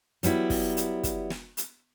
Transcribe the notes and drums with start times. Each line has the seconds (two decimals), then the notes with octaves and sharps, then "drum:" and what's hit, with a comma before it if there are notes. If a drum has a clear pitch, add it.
0.23 F#3 G3 B3 E4, drum: hi-hat
0.50 drum: kick, open hi-hat
0.77 drum: hi-hat
1.03 drum: kick, hi-hat
1.30 drum: snare
1.57 drum: hi-hat